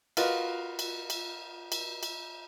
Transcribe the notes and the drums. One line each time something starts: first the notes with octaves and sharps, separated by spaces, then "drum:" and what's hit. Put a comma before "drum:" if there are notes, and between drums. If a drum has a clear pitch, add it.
F4 F#4 A#4 B4 D#5 F5, drum: cymbal
drum: cymbal
drum: cymbal
drum: cymbal
drum: cymbal